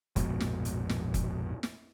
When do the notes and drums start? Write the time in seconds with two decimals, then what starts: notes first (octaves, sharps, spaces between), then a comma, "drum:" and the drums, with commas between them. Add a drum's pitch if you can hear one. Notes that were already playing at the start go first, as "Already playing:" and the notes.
0.16 A#1 F2 G#2 B2, drum: kick F#1, hi-hat
0.40 drum: snare
0.65 drum: hi-hat
0.89 drum: snare
1.14 drum: kick F#1, hi-hat
1.63 drum: snare